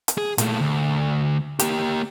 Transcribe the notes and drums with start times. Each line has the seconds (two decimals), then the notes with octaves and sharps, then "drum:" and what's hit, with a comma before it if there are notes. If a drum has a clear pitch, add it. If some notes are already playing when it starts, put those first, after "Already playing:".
0.08 drum: hi-hat
0.18 G#4
0.38 A#2 A3, drum: hi-hat
0.60 D2
1.59 A#3 G4, drum: hi-hat